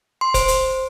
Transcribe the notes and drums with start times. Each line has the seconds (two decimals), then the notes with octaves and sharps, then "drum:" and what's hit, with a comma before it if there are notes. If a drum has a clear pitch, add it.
0.21 C6
0.34 C5, drum: kick, hi-hat
0.48 drum: hi-hat